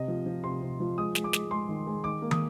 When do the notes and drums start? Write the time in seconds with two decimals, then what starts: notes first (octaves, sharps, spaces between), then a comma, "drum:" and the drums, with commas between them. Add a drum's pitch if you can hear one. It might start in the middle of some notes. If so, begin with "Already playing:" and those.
Already playing: C3 D#5
0.08 F3
0.26 F3
0.44 C3 C6
0.62 C3
0.80 F3
0.98 G#3 D#6
1.15 G#3, drum: snare
1.24 D6
1.33 G#3, drum: snare
1.51 G#3 C6
1.69 D#3
1.87 G#3
2.04 D#3 D6
2.22 A#3
2.31 D#6, drum: tom